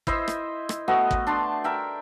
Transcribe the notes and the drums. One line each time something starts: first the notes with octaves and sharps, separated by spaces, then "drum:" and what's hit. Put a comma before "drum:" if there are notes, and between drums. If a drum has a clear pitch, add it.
E4 C5 D#5 E5, drum: kick
drum: rim click
drum: rim click
A3 B3 F#4 D#5
drum: kick
D4 A5 C6
A#4 E5 G5